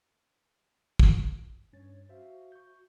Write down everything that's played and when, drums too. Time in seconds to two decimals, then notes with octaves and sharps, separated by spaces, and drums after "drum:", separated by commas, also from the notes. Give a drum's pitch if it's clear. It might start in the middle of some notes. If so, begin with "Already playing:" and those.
0.99 drum: kick
1.73 G2 C#4 C#5 A6
2.09 F#4 C5 E5 F5
2.52 C#6 G6